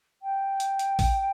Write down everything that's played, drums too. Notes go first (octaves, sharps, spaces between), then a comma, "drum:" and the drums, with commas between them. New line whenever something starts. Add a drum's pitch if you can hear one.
G5
drum: hi-hat
drum: hi-hat
drum: kick A1, open hi-hat